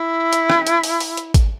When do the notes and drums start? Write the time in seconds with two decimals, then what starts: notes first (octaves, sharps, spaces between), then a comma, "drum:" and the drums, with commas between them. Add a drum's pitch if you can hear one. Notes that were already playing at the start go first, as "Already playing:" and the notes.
Already playing: E4
0.33 drum: hi-hat
0.50 drum: rim click
0.67 drum: hi-hat
0.84 drum: open hi-hat
1.00 drum: open hi-hat
1.17 drum: hi-hat
1.34 drum: kick G#1, hi-hat